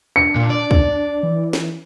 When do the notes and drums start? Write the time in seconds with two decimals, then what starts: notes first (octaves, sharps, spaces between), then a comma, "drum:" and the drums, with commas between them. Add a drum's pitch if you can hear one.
0.16 D4 C#7
0.35 A#2
0.50 D5
0.71 drum: kick
1.23 E3
1.53 drum: snare